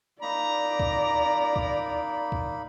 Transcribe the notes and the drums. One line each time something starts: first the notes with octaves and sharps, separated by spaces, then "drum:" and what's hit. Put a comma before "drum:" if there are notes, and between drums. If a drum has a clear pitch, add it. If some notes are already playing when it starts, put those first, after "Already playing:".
A#3 D#4 D5 A#5 B5
drum: kick
drum: kick
drum: kick